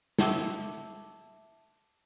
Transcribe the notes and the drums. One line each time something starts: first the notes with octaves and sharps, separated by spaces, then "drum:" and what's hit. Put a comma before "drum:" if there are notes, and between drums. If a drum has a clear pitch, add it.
E5 A5 C#6 D6 E6, drum: snare